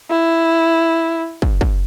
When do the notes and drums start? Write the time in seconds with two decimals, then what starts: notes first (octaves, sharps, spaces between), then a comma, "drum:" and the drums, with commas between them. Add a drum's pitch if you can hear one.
0.10 E4
1.42 drum: kick
1.61 drum: kick